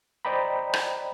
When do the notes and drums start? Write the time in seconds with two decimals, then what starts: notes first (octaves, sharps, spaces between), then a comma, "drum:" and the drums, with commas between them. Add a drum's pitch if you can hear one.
0.25 C5 D5 D#5 G5 A#5 B5
0.73 drum: rim click